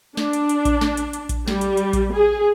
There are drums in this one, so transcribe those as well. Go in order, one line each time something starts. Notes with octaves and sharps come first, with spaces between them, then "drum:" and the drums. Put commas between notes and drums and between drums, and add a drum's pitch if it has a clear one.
D4, drum: snare
drum: hi-hat
drum: hi-hat
drum: kick A#1, hi-hat
drum: snare
drum: hi-hat
drum: hi-hat
drum: kick A#1, hi-hat
G3, drum: snare
drum: hi-hat
drum: hi-hat
drum: kick A#1, hi-hat
G#4